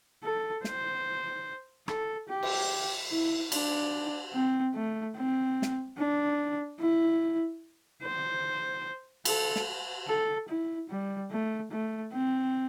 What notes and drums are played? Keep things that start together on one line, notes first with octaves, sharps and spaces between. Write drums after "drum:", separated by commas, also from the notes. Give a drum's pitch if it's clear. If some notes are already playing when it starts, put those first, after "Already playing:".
A4
C5, drum: snare
A4, drum: rim click
G4
drum: cymbal
E4
D4, drum: cymbal
C4
A3
C4
drum: snare
D4
E4
C5
A4, drum: cymbal
drum: snare
A4
E4
G3
A3
A3
C4